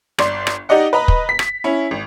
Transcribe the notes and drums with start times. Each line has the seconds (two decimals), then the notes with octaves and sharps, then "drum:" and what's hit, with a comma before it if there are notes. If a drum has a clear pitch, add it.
0.18 G1 D5 C6, drum: rim click
0.47 drum: rim click
0.69 D#4 G4 D5 D#5 F#5
0.93 B4 D#5 A#5 B5
1.08 drum: kick
1.29 B6
1.39 drum: rim click
1.64 C#4 E4
1.91 G#1